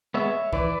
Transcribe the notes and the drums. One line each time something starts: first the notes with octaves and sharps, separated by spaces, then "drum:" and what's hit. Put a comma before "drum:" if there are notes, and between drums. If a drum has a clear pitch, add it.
G#3 B3 C#5 E5
E3 B4 D5, drum: kick